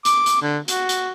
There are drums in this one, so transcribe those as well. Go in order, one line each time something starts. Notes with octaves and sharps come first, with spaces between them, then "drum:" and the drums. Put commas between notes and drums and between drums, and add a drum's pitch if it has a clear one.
D6, drum: hi-hat
drum: hi-hat
D3
F#4, drum: hi-hat
drum: hi-hat